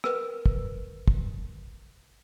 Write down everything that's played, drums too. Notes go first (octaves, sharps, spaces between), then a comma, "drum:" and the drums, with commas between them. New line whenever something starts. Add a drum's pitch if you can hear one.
A#4 B4, drum: rim click
drum: kick
drum: kick